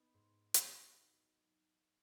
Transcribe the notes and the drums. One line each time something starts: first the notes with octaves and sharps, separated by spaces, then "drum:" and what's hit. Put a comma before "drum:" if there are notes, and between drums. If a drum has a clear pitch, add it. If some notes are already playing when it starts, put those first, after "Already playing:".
Already playing: B3 D#4
G#2
F#3 B3 D#4, drum: hi-hat